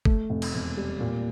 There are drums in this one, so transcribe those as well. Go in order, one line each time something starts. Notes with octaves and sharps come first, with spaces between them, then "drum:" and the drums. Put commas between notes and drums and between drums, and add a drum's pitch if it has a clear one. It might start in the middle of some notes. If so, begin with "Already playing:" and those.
A3, drum: kick
F1
drum: cymbal
E1
G3
A#2